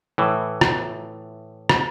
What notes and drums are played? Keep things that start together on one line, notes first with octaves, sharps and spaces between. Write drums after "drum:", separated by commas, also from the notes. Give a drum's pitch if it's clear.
A2 E3
drum: rim click
drum: rim click